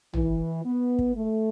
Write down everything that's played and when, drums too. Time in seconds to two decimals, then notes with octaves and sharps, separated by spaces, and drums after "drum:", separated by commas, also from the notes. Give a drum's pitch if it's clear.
0.14 E3, drum: tom
0.65 B3
0.99 drum: kick
1.15 A3